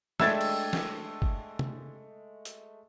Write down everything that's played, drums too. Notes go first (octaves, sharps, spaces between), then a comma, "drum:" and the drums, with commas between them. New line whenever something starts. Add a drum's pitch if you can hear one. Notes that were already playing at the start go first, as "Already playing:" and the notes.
G#3 A3 D4 E5 G5 E6 G#6 A6, drum: snare
drum: cymbal
drum: snare
drum: kick
drum: tom C3
drum: hi-hat